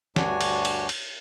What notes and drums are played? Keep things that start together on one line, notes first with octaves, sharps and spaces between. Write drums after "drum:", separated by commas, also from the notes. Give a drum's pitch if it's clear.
D2 G2 D4 F#4 C#5 G#5, drum: snare
drum: cymbal
drum: cymbal
drum: cymbal